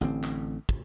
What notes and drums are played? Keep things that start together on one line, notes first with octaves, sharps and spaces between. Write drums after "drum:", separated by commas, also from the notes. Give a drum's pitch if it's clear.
A1 D3 C4
drum: clap
drum: kick